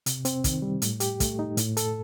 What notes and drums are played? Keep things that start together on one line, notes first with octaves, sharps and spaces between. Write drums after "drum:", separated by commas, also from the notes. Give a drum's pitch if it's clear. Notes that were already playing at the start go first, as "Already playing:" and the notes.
C3, drum: hi-hat
C4, drum: hi-hat
D#3, drum: kick, hi-hat
G3
A2, drum: hi-hat
G4, drum: hi-hat
A3, drum: kick, hi-hat
D#4
A2, drum: hi-hat
A4, drum: hi-hat